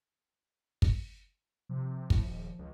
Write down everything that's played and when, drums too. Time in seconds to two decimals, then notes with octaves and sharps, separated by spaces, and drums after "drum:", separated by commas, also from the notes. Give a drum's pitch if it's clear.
0.82 drum: kick
1.69 C3 F3
2.10 A2, drum: kick
2.25 D#1
2.59 C#2